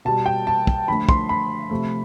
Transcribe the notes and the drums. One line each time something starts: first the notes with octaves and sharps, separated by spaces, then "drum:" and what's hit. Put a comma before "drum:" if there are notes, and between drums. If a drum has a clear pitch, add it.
B2 G3 A5
G5
A5
drum: kick
D3 F3 A3 B5
C6, drum: kick
B5
C3 F3 A3